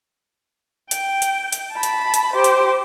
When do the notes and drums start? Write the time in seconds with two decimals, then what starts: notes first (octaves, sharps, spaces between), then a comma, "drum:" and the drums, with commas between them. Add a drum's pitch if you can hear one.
0.91 G5, drum: hi-hat
1.22 drum: hi-hat
1.52 drum: hi-hat
1.73 A5 B5
1.83 drum: hi-hat
2.14 drum: hi-hat
2.33 G4 C5
2.44 drum: hi-hat